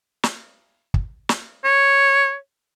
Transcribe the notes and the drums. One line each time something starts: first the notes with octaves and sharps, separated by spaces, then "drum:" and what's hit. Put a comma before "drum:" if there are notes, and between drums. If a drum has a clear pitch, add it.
drum: snare
drum: kick
drum: snare
C#5